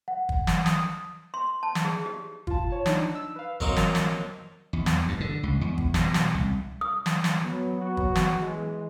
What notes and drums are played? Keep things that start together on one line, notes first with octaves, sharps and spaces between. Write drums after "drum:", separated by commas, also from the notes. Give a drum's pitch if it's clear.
F#5
drum: kick
drum: snare
D#6, drum: snare
C6
A5
drum: snare
G#4
G4
F4 A5, drum: kick
C#5 A5
D4 D#4, drum: snare
E6
B4 F5
F#3 A#3 C4 D#4 F#4, drum: kick
drum: snare
drum: snare
E2
drum: snare
G2
D3
C#2
E2
drum: kick
B2, drum: snare
drum: snare
C2
D#6
drum: snare
drum: snare
F#3 B3
F#4
drum: kick
drum: snare
E3 G#3